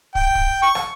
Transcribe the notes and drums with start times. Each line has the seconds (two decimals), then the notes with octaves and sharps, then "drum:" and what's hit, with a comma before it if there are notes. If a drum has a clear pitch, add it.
0.15 G5, drum: kick
0.35 drum: kick
0.62 C#6
0.75 drum: rim click